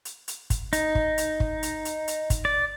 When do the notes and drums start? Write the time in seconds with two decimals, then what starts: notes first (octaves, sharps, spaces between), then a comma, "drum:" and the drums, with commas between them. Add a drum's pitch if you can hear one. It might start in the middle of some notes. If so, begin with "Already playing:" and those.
0.05 drum: hi-hat
0.28 drum: hi-hat
0.50 drum: kick, hi-hat
0.73 D#4, drum: hi-hat
0.95 drum: kick
1.18 drum: hi-hat
1.40 drum: kick
1.63 drum: hi-hat
1.85 drum: hi-hat
2.08 drum: hi-hat
2.30 drum: kick, hi-hat
2.45 D5